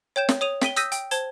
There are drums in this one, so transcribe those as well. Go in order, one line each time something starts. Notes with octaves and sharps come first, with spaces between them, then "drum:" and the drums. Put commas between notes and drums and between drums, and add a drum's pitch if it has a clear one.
C#5 G5 G6 E7
drum: snare
C#5 D#6 D#7 F7
G5 B6 D#7 G7, drum: snare
D#6 E6 G6 A#6 B6 D#7, drum: hi-hat
G5, drum: hi-hat
C5 A5 G#6 G7, drum: hi-hat